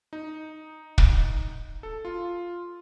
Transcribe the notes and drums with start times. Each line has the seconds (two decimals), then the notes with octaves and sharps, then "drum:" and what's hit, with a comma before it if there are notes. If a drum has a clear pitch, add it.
0.13 D#4
0.98 drum: kick
1.83 A4
2.05 F4